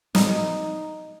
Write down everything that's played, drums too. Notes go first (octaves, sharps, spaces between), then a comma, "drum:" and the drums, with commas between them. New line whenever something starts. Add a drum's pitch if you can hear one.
D#4, drum: snare